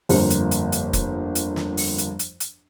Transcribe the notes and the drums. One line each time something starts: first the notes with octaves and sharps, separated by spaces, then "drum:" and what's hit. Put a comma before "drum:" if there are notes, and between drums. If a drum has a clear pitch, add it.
G1 F2 A#3 A#4 C5, drum: open hi-hat
drum: hi-hat
drum: hi-hat
drum: hi-hat
drum: kick, hi-hat
drum: hi-hat
drum: snare
drum: open hi-hat
drum: hi-hat
drum: hi-hat
drum: hi-hat